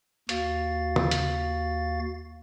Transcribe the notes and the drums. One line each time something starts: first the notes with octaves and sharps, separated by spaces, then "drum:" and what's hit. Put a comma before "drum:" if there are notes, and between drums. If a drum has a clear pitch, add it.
D#2 F#4 F5 A6, drum: hi-hat
drum: tom
drum: hi-hat